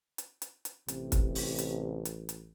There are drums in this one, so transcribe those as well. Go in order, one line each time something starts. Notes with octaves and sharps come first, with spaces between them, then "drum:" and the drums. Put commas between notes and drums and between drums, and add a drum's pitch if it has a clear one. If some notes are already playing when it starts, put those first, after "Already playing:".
drum: hi-hat
drum: hi-hat
drum: hi-hat
A1 C3, drum: hi-hat
drum: kick, hi-hat
drum: open hi-hat
drum: hi-hat
drum: hi-hat
drum: hi-hat